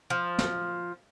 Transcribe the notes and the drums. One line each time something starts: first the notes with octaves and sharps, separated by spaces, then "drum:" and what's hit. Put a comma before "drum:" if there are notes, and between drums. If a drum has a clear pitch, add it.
F3
drum: snare